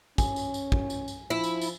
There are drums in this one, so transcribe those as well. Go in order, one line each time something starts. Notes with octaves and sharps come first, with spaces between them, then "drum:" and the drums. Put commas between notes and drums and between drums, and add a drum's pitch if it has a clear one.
C#4 G#5, drum: kick, tambourine
drum: tambourine
drum: tambourine
drum: kick
drum: tambourine
drum: tambourine
F3 E4
drum: tambourine
drum: tambourine